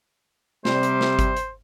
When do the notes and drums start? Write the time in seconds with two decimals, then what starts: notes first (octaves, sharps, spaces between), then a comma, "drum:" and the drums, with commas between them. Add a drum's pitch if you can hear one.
0.65 C3 G3 C5, drum: snare
0.83 drum: hi-hat
1.01 drum: snare
1.19 drum: kick G1, hi-hat
1.36 drum: hi-hat